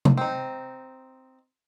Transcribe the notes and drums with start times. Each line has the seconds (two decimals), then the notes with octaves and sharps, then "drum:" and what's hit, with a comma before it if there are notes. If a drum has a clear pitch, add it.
0.05 drum: tom C3
0.18 C4 D#4